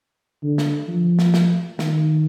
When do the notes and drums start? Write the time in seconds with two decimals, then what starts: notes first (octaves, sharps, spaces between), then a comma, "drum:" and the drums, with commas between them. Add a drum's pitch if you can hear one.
0.43 D3
0.58 drum: snare
0.88 F3
1.19 drum: snare
1.34 drum: snare
1.79 D#3, drum: snare